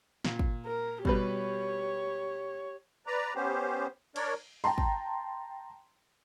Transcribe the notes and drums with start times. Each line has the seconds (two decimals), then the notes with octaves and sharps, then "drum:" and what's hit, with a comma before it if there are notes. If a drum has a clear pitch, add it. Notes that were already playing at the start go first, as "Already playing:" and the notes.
0.25 A#2, drum: snare
0.39 drum: kick
0.65 A#4
1.05 B2 G3 G4 B4 C#5, drum: kick
3.07 B4 D5 A#5
3.35 B3 C#4 G4 C5
4.16 D4 A#4 C#5 D5, drum: cymbal
4.64 G5 A5 A#5 C6, drum: open hi-hat
4.78 drum: kick